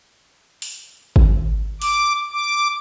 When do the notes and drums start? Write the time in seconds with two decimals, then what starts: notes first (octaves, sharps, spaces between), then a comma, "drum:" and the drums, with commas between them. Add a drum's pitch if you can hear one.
0.62 drum: open hi-hat
1.16 drum: kick G#1
1.82 D6, drum: open hi-hat
2.32 D6